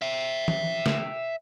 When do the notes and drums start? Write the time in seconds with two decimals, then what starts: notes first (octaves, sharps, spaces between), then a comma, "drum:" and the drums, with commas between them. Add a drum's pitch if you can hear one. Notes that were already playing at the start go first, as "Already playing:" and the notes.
0.02 E5 G5
0.48 drum: tom
0.86 drum: snare